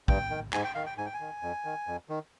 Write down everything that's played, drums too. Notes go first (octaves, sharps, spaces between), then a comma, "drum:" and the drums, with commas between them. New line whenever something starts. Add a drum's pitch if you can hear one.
G2 G5, drum: kick
D#3
G#2 G#5, drum: clap
G5
D#3 F5
G5
G#2 G#5
G5
G#5
D#3
F2
D#3
F2
D#3